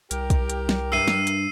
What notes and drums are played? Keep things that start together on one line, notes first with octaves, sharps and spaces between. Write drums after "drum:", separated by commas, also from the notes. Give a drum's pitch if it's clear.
C2 G4 A#4, drum: hi-hat
drum: kick, hi-hat
drum: hi-hat
drum: snare
G2 E5 E6 C7 D#7
drum: snare
drum: hi-hat